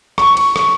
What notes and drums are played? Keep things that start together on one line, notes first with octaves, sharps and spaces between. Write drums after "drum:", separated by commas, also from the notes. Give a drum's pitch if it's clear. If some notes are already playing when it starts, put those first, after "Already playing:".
C#6, drum: rim click
drum: cymbal
drum: rim click